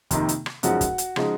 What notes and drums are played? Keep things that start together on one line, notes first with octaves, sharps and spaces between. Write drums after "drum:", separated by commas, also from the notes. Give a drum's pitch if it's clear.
F2 C3 D#3 A#3 D#4, drum: kick, hi-hat
drum: hi-hat
drum: rim click
F#2 C#3 F3 G#3 D#4 F#4 F#5, drum: hi-hat
drum: kick, hi-hat
drum: hi-hat
C#3 F3 G#3 D#4, drum: rim click